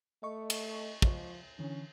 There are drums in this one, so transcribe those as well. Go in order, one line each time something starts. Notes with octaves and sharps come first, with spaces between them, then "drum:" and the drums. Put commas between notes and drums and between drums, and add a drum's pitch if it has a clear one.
A3 D#5 C#6
drum: cymbal
F3, drum: kick
D3 E3 C#4